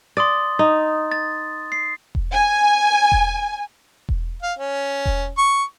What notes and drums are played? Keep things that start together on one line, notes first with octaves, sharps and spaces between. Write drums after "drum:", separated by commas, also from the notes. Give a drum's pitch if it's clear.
D5 C6 D#6 A6
D#4
A6
C7
drum: kick E1
G#5
drum: kick E1
drum: kick E1
F5
C#4
drum: kick E1
C#6